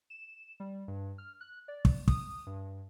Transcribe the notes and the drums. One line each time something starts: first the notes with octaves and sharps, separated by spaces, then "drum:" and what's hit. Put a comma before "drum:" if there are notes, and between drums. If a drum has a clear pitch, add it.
E7
G3
G2
F6
F#6
D5
drum: kick
D#6, drum: kick
G2